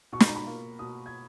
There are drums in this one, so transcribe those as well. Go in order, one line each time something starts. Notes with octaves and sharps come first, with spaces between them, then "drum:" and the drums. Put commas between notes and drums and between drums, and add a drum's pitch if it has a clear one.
B2 C#6
B5, drum: snare
A#5
B5
A#3 F4
B2 D#6
G#6